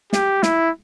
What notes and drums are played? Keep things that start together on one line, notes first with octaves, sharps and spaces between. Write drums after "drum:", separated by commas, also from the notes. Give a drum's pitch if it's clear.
G4, drum: snare
E4, drum: snare